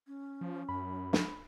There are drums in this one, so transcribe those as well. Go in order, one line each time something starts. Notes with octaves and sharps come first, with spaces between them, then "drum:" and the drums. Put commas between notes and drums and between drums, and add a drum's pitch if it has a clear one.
C#4
F3
F#2 B5
drum: snare